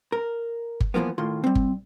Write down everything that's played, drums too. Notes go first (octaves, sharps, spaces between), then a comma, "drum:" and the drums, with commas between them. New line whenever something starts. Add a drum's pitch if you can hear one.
A#4
drum: kick G1
E2 E3 F3 A#3 B3
A2 D#3 F4 C6
G3 C4
drum: kick G1